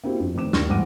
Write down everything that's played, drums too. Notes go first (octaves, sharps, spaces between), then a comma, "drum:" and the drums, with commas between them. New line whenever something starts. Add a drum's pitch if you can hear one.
A#3 C4 E4 F#4 G4
F2
F1 D#3 C4 D6 E7
D#2 D4 C6 C#6 F6 A#6, drum: snare
D#1 G#2 E3 F#5 D6 D#7